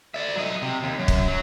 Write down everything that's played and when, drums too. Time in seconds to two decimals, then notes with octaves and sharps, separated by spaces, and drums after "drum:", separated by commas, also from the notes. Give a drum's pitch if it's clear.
0.14 D5 E5
0.36 F#3 D#5
0.62 C3
0.83 D#2
0.99 F#2
1.08 drum: kick
1.28 F#3